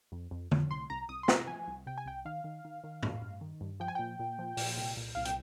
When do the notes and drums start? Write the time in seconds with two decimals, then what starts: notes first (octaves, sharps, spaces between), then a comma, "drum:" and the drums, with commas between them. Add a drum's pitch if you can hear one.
0.12 F2
0.31 F2
0.51 F2, drum: tom D3
0.71 C2 C6
0.90 C2 A#5
1.09 C2 D#6
1.23 C6
1.28 C3 A#5, drum: snare
1.47 F3 G#5
1.67 C2
1.87 C3 G5
1.98 G#5
2.05 C2 G5
2.25 D#3 F5
2.44 D#3
2.65 D#3
2.84 D#3
3.03 G2, drum: tom A2
3.22 G2
3.41 D#3
3.61 G2
3.80 F3 G5
3.88 G#5
3.95 A#2 G5
4.19 A#2
4.39 F3
4.57 A#2, drum: open hi-hat
4.77 C2
4.97 A#2
5.15 C2 F5
5.25 G5, drum: hi-hat